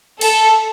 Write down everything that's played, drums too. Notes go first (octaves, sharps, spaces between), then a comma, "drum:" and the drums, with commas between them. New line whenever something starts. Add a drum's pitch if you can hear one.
A4, drum: cymbal